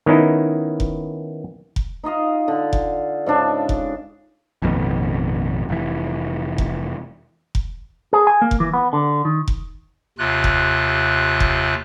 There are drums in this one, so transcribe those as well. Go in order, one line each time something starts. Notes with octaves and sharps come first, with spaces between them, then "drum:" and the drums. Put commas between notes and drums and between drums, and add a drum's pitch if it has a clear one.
D#3 B3 C#4 D#4 E4
drum: kick F1
drum: kick F1
D#4 F4 D#5 F5
D3
drum: kick F1
G#2 C#3 D4 A5
drum: kick F1
A1 F2 B2 D#3
F1 E3
drum: kick F1
drum: kick F1
G#4
G#5
A#3
drum: kick F1
E3
B3
D3
D#3
drum: kick F1
D#2 C3 F4 F#6
drum: kick F1
drum: kick F1